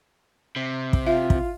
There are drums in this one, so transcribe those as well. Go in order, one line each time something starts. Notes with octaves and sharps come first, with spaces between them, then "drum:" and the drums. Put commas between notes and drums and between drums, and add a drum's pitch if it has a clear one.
C3
drum: kick
F4 E5
drum: kick